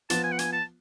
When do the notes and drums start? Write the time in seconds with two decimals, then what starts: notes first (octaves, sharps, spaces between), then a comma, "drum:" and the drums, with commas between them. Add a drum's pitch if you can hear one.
0.10 F3 B3 F4 A5, drum: hi-hat
0.23 G#5
0.32 F#5
0.39 G#5, drum: hi-hat
0.53 A5